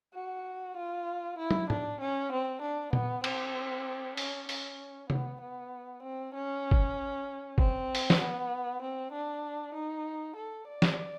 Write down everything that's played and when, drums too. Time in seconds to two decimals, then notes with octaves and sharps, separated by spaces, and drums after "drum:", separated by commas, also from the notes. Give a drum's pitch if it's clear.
0.14 F#4
0.77 F4
1.38 E4
1.51 drum: tom
1.70 D4, drum: tom A2
2.00 C#4
2.32 C4
2.62 D4
2.93 B3, drum: tom A#2
3.24 C4, drum: cymbal
4.17 C#4, drum: open hi-hat
4.49 C#4, drum: open hi-hat
5.10 B3, drum: tom C3
5.41 B3
6.03 C4
6.34 C#4
6.71 drum: kick G#1
7.58 C4, drum: kick G#1
7.95 drum: open hi-hat
8.10 drum: snare
8.20 B3
8.82 C4
9.12 D4
9.74 D#4
10.36 A4
10.68 D5
10.82 drum: snare